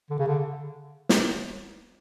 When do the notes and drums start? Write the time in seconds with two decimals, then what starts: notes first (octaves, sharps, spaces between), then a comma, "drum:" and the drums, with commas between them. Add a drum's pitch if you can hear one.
0.10 D3
0.19 C#3
0.27 D3
1.09 drum: snare